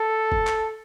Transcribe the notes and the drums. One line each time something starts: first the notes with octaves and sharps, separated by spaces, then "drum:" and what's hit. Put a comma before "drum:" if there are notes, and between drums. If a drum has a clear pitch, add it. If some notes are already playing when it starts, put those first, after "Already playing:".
Already playing: A4
drum: kick
drum: clap